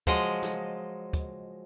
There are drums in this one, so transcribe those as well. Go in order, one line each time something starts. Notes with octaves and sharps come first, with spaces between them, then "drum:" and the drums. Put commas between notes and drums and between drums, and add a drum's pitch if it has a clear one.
F3 F#3 G#3 D#5, drum: kick
drum: snare
drum: kick, hi-hat